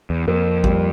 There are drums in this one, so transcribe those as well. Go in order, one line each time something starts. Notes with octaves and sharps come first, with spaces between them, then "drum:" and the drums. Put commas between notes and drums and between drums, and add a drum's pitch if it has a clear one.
E2
F2 A#3
G3, drum: kick